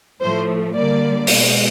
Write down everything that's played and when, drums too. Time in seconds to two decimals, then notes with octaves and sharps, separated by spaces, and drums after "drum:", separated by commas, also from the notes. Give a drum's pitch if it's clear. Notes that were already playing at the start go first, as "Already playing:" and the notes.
0.20 A2 F3 A3 C5
0.74 D3 G3 A#3 D5
1.27 B2 G#3, drum: open hi-hat